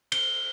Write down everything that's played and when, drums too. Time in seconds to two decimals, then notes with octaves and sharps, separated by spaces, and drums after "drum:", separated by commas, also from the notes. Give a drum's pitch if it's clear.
0.12 G7, drum: cymbal